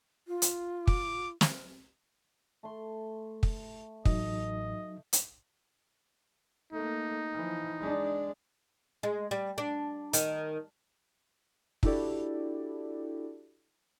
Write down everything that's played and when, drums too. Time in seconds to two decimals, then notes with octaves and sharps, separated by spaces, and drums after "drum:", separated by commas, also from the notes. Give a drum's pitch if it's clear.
0.28 F4
0.42 drum: hi-hat
0.87 D6, drum: kick
1.41 drum: snare
2.63 A3 C6
3.43 drum: kick
4.05 A1 F#3 D#4 D#5, drum: kick
5.13 drum: hi-hat
6.73 A3 A#3 D#4
7.33 E3 F3
7.79 G#3 D4
9.03 G#3
9.31 G3
9.58 D4
10.13 D#3, drum: hi-hat
11.83 D4 E4 F#4 G4 A4 D5, drum: kick